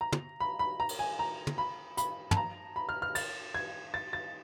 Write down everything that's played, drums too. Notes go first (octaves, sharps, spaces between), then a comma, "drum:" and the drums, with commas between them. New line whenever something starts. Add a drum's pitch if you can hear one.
A#5
drum: tom
B5
B5
A#5
drum: cymbal
G#5
A#5
drum: tom
B5
B5, drum: hi-hat
A5, drum: tom
A#5
B5
F6
F6
A6, drum: cymbal
G#6
A6
A6